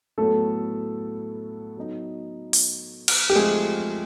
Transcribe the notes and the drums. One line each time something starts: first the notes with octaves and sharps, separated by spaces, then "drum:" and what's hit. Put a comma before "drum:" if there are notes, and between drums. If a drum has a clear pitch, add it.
A2 F#3 A3 B3 A4
F#3 B3 D#4
drum: open hi-hat
drum: cymbal
G4
F3 G#3 A3 C4 G#4